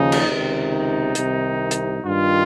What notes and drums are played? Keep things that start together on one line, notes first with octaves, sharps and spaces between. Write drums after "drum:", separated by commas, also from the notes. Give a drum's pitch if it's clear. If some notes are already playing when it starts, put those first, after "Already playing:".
Already playing: D#2 C#3 F3 D#4
drum: cymbal
C#2 C3 D#3
D#4
C2 C3 D#3, drum: hi-hat
drum: hi-hat
G2 D#3 F4